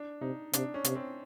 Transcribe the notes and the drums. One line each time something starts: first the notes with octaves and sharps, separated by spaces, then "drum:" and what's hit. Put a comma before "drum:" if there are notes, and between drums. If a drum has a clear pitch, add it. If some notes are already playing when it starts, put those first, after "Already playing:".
Already playing: D4
C3 D#4
C3 D4, drum: hi-hat
C#4
C3, drum: hi-hat
C4